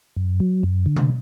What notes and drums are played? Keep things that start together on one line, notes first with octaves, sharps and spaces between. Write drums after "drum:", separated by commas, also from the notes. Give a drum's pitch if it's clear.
F#2
F#3
F#2
D3
drum: tom B2